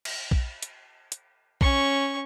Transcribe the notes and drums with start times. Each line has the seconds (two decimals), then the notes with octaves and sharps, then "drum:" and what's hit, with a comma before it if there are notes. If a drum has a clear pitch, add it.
0.05 drum: cymbal
0.31 drum: kick
0.63 drum: hi-hat
1.12 drum: hi-hat
1.61 C#4 C#6, drum: kick